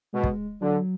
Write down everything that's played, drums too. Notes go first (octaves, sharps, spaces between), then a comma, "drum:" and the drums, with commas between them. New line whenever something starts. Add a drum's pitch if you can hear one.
B2 G#3
drum: kick
D3 F#3